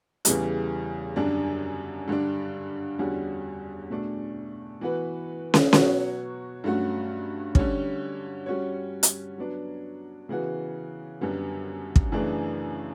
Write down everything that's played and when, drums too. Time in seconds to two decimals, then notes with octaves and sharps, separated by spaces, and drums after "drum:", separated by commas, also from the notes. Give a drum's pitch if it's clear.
0.25 E2 C#3 E3 G3, drum: hi-hat
1.16 F#2 D3 G3 D4
2.08 G2 D3 G3 D4
2.99 E2 D3 G3 C#4 F#4
3.90 B2 A3 D4
4.81 E3 B3 F#4 B4
5.54 drum: snare
5.73 B2 F#3 B3 F#4 C#5, drum: snare
6.64 G2 F#3 A3 C#4 F#4
7.55 D3 G3 C#4, drum: kick
8.46 G3 C#4 F#4 C#5
9.03 drum: hi-hat
9.38 F#3 B3 D4
10.29 C#3 E3 B3 F#4
11.21 F#2 D3 G3 B3
11.96 drum: kick
12.12 F#2 C#3 E3 A3 D4